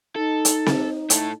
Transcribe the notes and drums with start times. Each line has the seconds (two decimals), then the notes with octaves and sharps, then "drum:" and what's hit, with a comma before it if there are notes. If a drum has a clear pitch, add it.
0.16 D#4 A4
0.45 drum: hi-hat
0.66 drum: snare C4
1.10 A2 A4, drum: hi-hat